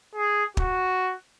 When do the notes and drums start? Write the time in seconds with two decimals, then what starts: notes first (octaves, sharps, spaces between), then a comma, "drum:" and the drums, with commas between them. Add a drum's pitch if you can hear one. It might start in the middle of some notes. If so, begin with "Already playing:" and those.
0.15 G#4
0.57 F#4, drum: kick